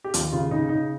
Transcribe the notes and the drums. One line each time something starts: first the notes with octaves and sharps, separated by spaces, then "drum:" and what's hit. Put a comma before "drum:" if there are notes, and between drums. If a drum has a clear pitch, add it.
G4
D#2 F4, drum: hi-hat
C#3 F4
C#3 D#4
C#3 D#4